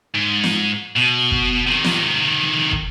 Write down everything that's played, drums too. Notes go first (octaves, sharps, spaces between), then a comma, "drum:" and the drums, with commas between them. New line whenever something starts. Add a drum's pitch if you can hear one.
G#2
drum: snare
B2
drum: kick
C3 D#3
drum: snare
drum: kick